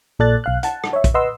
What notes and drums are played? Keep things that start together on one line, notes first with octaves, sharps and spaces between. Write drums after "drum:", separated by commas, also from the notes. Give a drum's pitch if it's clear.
A#1 A#2 A4 D5 F#6 A6
B1 F5 F#6
F#5 A5, drum: hi-hat
drum: rim click
C#5 E5
drum: kick, hi-hat
B4 D#5 F#5 C6 E6